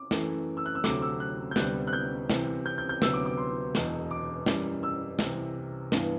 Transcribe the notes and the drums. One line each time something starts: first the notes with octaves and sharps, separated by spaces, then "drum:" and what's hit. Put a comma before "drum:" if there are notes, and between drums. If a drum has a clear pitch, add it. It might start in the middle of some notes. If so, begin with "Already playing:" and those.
Already playing: D6
F#2 E3 A3, drum: snare
E6
F#6
E6
D2 C3 F#3 A3 D6, drum: snare
E6
F#6
G6
D2 C3 G3 B3 F#6, drum: snare
F#6
G6
C2 C3 E3, drum: snare
G6
G6
G6
D2 C3 F#3 B3 E6, drum: snare
D6
D6
C6
E1 E2 B2, drum: snare
D6
F#2 E3 G3, drum: snare
E6
C2 C3 E3, drum: snare
G2 E3 B3, drum: snare